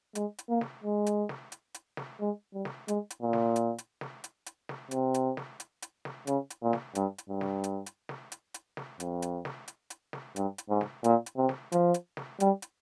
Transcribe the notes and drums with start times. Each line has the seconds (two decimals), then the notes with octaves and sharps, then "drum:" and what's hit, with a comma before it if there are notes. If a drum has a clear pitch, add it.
0.15 G#3, drum: hi-hat
0.39 drum: hi-hat
0.49 A#3
0.61 drum: snare
0.83 G#3
1.06 drum: hi-hat
1.29 drum: snare
1.52 drum: hi-hat
1.74 drum: hi-hat
1.97 drum: snare
2.20 G#3
2.54 G3
2.65 drum: snare
2.88 G#3, drum: hi-hat
3.10 drum: hi-hat
3.22 A#2
3.33 drum: snare
3.56 drum: hi-hat
3.78 drum: hi-hat
4.01 drum: snare
4.24 drum: hi-hat
4.46 drum: hi-hat
4.69 drum: snare
4.91 C3, drum: hi-hat
5.14 drum: hi-hat
5.37 drum: snare
5.60 drum: hi-hat
5.82 drum: hi-hat
6.05 drum: snare
6.27 C#3, drum: hi-hat
6.50 drum: hi-hat
6.62 A#2
6.73 drum: snare
6.95 G2, drum: hi-hat
7.18 drum: hi-hat
7.29 G2
7.41 drum: snare
7.64 drum: hi-hat
7.86 drum: hi-hat
8.09 drum: snare
8.32 drum: hi-hat
8.54 drum: hi-hat
8.77 drum: snare
9.00 F2, drum: hi-hat
9.22 drum: hi-hat
9.45 drum: snare
9.68 drum: hi-hat
9.90 drum: hi-hat
10.13 drum: snare
10.36 G2, drum: hi-hat
10.58 drum: hi-hat
10.70 G#2
10.81 drum: snare
11.04 A#2, drum: hi-hat
11.26 drum: hi-hat
11.37 C3
11.49 drum: snare
11.72 F3, drum: hi-hat
11.94 drum: hi-hat
12.17 drum: snare
12.40 G3, drum: hi-hat
12.62 drum: hi-hat